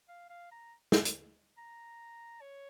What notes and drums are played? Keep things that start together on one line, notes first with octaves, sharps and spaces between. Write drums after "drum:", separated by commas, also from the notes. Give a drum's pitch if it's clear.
F5
F5
A#5
drum: snare
drum: hi-hat
A#5
C#5